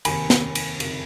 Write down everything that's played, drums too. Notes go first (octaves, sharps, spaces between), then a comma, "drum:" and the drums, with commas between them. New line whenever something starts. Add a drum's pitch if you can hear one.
F1 D#2 D#3 G#5 B5, drum: cymbal
drum: snare
drum: cymbal
F#1 F2 D#3, drum: cymbal